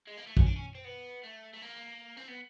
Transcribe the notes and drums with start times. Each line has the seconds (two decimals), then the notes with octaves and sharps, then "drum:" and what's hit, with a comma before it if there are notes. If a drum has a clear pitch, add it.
0.07 G#3
0.17 A#3
0.27 A3
0.37 C#4, drum: kick
0.46 D4
0.56 C#4
0.75 C4
0.85 B3
1.24 A3
1.54 A3
1.62 A#3
2.17 C4
2.28 B3